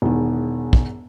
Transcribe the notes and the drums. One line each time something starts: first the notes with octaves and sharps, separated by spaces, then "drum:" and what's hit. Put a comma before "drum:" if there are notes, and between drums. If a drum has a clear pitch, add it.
E1 E2 D#3
drum: kick